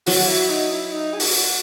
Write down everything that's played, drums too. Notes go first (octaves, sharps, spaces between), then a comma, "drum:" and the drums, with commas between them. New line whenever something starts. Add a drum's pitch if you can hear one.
F#3 F#4, drum: open hi-hat
E4
D#4
E4
D#4
G#4
F#4, drum: open hi-hat